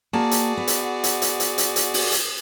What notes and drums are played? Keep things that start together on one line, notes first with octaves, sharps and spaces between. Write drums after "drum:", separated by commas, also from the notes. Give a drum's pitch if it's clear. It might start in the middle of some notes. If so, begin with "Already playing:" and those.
A#3 F#4 G#4 D5 A5
drum: hi-hat
B3
drum: hi-hat
drum: hi-hat
drum: hi-hat
drum: hi-hat
drum: hi-hat
drum: hi-hat
drum: open hi-hat
drum: hi-hat